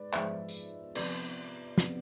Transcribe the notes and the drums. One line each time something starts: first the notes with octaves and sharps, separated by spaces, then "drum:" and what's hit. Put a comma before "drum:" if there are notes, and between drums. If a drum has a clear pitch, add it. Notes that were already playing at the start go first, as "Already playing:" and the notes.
Already playing: G#2 G#3 B4 D5
G#2 F3 G#3 C5 E5, drum: clap
drum: tambourine
C3 F3 B3 B4 D5, drum: cymbal
C3 F3 B3, drum: snare